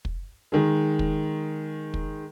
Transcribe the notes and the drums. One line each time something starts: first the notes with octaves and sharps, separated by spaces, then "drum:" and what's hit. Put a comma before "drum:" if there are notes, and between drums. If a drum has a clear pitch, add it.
drum: kick
D#3 G#3
drum: kick
drum: kick